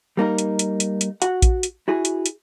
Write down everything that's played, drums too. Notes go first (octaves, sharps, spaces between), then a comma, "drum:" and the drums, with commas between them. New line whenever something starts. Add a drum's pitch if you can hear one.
G3 A#3 D#4 A#4
drum: hi-hat
drum: hi-hat
drum: hi-hat
drum: hi-hat
F#4 F#5, drum: hi-hat
drum: kick A#1, hi-hat
drum: hi-hat
E4 F#4 G#4
drum: hi-hat
drum: hi-hat